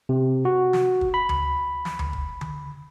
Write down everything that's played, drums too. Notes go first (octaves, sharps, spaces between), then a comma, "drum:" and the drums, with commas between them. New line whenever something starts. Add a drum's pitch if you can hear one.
C3
F#4
drum: snare
drum: kick
B5
drum: tom D2
drum: snare
drum: tom D2
drum: kick
drum: tom D3